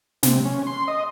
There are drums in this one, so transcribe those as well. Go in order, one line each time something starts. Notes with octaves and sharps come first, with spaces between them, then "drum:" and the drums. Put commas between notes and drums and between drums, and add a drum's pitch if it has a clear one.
C3, drum: snare
C#4
C6
D#5